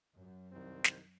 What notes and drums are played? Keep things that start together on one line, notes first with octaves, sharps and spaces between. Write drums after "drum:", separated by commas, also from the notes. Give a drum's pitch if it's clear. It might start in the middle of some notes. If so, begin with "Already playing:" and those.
F#2
C2 D#3 C4
drum: snare